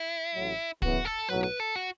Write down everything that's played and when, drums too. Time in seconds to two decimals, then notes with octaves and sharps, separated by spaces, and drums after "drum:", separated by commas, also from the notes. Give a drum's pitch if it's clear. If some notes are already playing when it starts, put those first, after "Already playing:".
Already playing: E4
0.35 A1 A2 F#3
0.82 F#2 C#3 E3 B3 E4 F#4, drum: kick
1.05 A4
1.28 B1 A2 F#3 B4
1.44 B4
1.60 A4
1.75 F#4